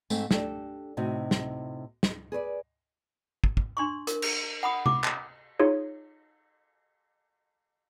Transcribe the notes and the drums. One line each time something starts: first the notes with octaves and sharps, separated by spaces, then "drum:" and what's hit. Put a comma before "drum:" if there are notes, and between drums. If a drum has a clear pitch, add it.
G#2 A3 C4, drum: tambourine
D4 G4 A4, drum: snare
A2 C3 D#4 F#4
drum: snare
drum: snare
G#4 B4 C#5 D5
drum: kick
drum: kick
D4 C6 C#6
A#4, drum: hi-hat
drum: cymbal
F#5 B5 D#6
D6, drum: tom C3
drum: clap
D#4 F4 G#4 C#5